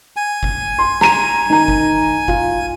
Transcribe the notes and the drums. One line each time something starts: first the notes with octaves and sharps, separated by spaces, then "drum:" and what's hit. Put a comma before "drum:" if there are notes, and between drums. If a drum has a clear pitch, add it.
G#5
drum: kick G1
C6
A#5 D#7, drum: snare
D#3 A#5
drum: kick G1
F4, drum: kick G1